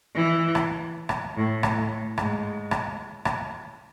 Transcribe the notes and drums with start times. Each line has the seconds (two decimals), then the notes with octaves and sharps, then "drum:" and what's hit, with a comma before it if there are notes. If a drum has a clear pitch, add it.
0.15 E3
0.55 drum: rim click
1.09 drum: rim click
1.37 A2
1.63 drum: rim click
1.77 A2
2.18 G#2, drum: rim click
2.71 drum: rim click
3.25 drum: rim click